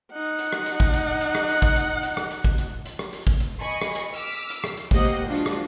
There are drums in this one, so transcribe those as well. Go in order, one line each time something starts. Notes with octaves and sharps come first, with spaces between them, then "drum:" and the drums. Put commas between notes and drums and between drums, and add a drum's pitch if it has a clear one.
D#4 F#5
drum: hi-hat
drum: rim click
drum: hi-hat
drum: kick
drum: hi-hat
drum: hi-hat
drum: rim click
drum: hi-hat
drum: kick
drum: hi-hat
drum: hi-hat
drum: rim click
drum: hi-hat
drum: kick
drum: hi-hat
drum: hi-hat
drum: rim click
drum: hi-hat
drum: kick
drum: hi-hat
D#5 G#5 B5 C#6
drum: rim click
drum: hi-hat
D6 E6 F6 B6
drum: hi-hat
drum: rim click
drum: hi-hat
A#3 G4 C5 D#5 F#5, drum: kick
drum: hi-hat
F3 G#3 D4 F4 F#4
drum: rim click